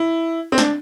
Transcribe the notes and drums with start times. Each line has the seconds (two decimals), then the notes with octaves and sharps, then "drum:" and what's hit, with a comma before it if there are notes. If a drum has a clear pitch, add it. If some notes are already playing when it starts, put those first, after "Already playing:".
Already playing: E4
0.52 C4
0.58 D4, drum: snare